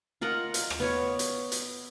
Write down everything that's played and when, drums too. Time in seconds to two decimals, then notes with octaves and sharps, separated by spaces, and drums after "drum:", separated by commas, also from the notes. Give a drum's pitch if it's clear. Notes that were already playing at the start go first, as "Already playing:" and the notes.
0.21 F4 A#4 D#5 F#5
0.54 drum: hi-hat
0.70 drum: rim click
0.80 B3 C#5
1.19 drum: hi-hat
1.52 drum: hi-hat